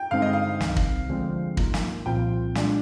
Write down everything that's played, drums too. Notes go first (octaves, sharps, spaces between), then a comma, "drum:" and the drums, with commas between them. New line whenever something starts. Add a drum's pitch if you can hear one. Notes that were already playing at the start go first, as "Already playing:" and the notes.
Already playing: G5
G2 D3 G#3 C4 D#4 F5
D#5
F5
C2 C3 D#3, drum: snare
drum: kick
D2 D3 F3 G#3 C4
G#2 D#3 A#3 F4, drum: kick
drum: snare
C2 A#2 F3 C4 F4 G5
A#2 G#3 D4 F4, drum: snare